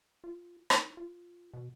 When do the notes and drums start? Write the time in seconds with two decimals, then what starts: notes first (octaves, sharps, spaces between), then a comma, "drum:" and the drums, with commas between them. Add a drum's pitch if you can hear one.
0.24 F4
0.70 D#4, drum: rim click
0.97 F4
1.54 B2